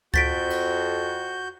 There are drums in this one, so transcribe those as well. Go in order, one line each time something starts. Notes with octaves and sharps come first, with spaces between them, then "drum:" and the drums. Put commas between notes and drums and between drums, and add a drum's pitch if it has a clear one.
F2 F#4 G6 A6 B6 D7, drum: kick C#2
drum: cymbal